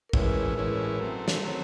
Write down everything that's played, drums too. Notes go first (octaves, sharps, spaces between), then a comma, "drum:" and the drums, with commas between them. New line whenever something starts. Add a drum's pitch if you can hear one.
A#4
A2 E3 G#3 C#4 E4 B4, drum: kick
A2 E3 G#3 C#4 E4
F#3 A3 C4
drum: snare
F#3 A3 C4 C#5